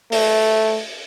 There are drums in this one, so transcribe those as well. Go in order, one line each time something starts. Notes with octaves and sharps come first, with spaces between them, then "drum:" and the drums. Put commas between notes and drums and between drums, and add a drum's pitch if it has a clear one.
A3, drum: open hi-hat